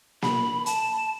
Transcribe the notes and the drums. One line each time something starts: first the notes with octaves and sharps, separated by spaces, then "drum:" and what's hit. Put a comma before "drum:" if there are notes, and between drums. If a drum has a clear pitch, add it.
B5, drum: snare A#3
A5, drum: hi-hat